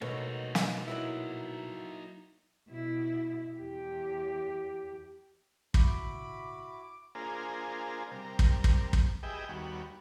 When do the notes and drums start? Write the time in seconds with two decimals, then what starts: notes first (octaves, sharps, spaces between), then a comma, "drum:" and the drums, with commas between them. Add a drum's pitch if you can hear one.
0.02 B2 A3 A#3 D#4 F#4 C#5
0.55 drum: snare
0.88 F#3 A#3 E4 E5
2.70 B2 E4
3.57 E2 G4
5.74 G#1 A#2 C#3 E4 F#4 B5 D6, drum: kick
7.15 A#3 D4 F4 G#4 A#4 C5
8.12 C3 G3 A#4
8.39 drum: kick
8.64 drum: kick
8.93 drum: kick
9.23 G4 G#4 B4 D#5 E5 G5
9.49 D#2 G3 B3 F#4